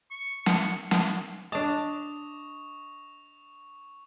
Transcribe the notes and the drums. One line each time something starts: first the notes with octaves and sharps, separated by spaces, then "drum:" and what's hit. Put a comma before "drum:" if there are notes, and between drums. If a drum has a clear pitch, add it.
C#6
drum: snare
drum: snare
D4 D#5 A5 C#6 F7